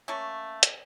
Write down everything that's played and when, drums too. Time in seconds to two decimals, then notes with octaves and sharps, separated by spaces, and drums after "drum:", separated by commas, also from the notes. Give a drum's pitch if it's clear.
0.08 A3 A#3 C#4
0.63 drum: hi-hat